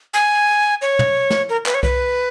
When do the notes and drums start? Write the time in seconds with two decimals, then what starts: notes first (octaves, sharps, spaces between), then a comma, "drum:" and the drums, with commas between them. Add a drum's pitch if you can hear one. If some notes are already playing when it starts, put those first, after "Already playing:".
0.14 G#5
0.82 C#5
0.99 drum: tom
1.30 drum: snare
1.49 A#4
1.66 B4, drum: clap
1.74 C#5
1.83 B4, drum: kick C2